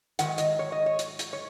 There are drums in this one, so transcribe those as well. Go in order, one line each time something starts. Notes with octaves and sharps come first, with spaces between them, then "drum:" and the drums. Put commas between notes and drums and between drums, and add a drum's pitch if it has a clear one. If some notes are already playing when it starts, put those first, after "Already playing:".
G#2 D#3 F#3 F#5, drum: hi-hat
D#5, drum: hi-hat
C#5
D#5
C#5
drum: hi-hat
drum: hi-hat
C#5